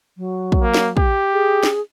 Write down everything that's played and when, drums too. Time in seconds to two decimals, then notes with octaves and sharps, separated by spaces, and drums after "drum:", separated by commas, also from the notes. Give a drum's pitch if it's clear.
0.17 F#3
0.52 drum: kick
0.62 A#3
0.74 drum: snare
0.97 G4, drum: kick
1.33 G#4
1.63 drum: snare